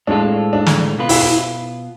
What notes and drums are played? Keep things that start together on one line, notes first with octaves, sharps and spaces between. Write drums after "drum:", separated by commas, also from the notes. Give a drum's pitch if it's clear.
A2 G#3 C4 D4 F4 A4
D4
drum: snare
B2 B3 F4 B4
E4, drum: open hi-hat
E4